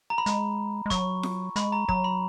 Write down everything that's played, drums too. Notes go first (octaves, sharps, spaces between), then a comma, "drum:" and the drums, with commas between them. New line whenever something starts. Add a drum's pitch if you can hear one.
A#5
B5
G#3, drum: hi-hat
G#3
F#3 C#6, drum: kick, hi-hat
drum: snare F4
G#3 B5, drum: hi-hat
A#5
F#3 A#5, drum: kick
B5